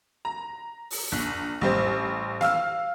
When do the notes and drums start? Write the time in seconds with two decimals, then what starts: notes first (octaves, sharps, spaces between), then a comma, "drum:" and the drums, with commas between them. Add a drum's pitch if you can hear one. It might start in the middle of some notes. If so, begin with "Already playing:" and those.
0.25 A#5
0.91 drum: open hi-hat
1.12 A#1, drum: kick
1.61 A1 G3 C5, drum: kick
2.41 F5 E6 F6, drum: snare